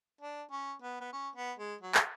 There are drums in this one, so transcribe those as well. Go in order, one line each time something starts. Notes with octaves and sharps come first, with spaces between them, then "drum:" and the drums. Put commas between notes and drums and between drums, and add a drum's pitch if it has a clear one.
D4
C#4
B3
B3
C#4
B3
G#3
F#3
drum: clap